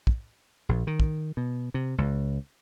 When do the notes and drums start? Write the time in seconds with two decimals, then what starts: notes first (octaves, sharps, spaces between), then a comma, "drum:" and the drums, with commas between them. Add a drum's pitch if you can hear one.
0.07 drum: kick
0.69 A#1
0.87 D#3
1.00 drum: kick
1.37 B2
1.74 C3
1.98 C#2